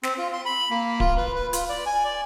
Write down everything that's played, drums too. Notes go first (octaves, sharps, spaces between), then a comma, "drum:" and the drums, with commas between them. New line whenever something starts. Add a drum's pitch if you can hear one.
C4, drum: snare
F4
C6
B5
A#3
F4, drum: kick D1
B4
B4
F4, drum: hi-hat
D5
G#5
D5